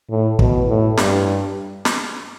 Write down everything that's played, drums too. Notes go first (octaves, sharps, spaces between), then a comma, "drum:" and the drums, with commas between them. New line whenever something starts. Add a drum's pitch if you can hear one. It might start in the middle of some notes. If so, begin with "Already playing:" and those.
A2
B2, drum: kick
A2
G2, drum: snare
drum: snare